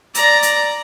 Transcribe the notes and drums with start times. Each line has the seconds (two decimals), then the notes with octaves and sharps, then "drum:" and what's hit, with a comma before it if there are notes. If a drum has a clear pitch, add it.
0.15 D5 A#5, drum: hi-hat
0.43 drum: hi-hat